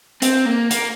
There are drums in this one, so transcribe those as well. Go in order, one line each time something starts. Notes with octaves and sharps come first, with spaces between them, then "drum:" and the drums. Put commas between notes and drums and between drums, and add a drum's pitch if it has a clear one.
C4, drum: hi-hat
A#3
A#3, drum: hi-hat